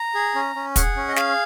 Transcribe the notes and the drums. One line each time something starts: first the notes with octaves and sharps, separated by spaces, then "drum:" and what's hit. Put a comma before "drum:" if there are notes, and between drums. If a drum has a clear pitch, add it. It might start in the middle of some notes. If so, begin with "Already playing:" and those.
Already playing: A#5
G#4
C#4
C#4
G#4 F#5, drum: kick, hi-hat
C#4
D#5
G#4 F5, drum: snare